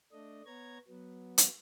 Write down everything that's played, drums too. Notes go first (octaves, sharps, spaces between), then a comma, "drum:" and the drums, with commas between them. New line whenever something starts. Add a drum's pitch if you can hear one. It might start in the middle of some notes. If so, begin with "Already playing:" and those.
A3 D4 D#5
B3 C#5 A#5 G#6
F#3 B3
drum: hi-hat